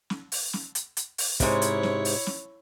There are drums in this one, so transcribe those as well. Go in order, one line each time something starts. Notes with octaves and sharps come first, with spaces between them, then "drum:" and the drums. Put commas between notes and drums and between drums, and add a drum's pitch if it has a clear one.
drum: snare
drum: open hi-hat
drum: snare
drum: hi-hat
drum: hi-hat
drum: open hi-hat
G#2 C3 E4 C#5, drum: kick, hi-hat
drum: hi-hat
drum: snare
drum: open hi-hat
drum: snare